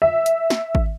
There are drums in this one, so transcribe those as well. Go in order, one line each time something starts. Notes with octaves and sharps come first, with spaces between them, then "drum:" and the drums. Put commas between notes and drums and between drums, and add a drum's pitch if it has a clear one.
E5
drum: hi-hat
drum: snare
drum: kick G#1